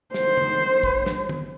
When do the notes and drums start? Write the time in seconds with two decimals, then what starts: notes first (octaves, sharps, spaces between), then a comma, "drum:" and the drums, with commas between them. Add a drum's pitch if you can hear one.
0.14 C5, drum: snare
0.37 drum: tom
0.83 drum: kick
1.06 drum: snare
1.29 drum: tom